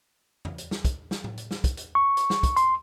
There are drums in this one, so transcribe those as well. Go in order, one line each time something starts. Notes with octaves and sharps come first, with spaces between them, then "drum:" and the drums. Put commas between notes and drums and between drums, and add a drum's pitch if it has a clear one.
drum: tom F2
drum: hi-hat
drum: snare
drum: kick, hi-hat
drum: snare
drum: tom A2
drum: hi-hat
drum: snare
drum: kick, hi-hat
drum: hi-hat
C#6
drum: hi-hat
drum: snare
drum: kick, hi-hat
C6, drum: hi-hat